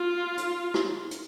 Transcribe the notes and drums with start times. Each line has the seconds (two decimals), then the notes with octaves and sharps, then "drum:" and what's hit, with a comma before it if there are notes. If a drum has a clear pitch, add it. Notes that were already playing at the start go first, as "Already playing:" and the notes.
Already playing: F4
0.38 drum: hi-hat
0.74 drum: rim click
1.11 drum: hi-hat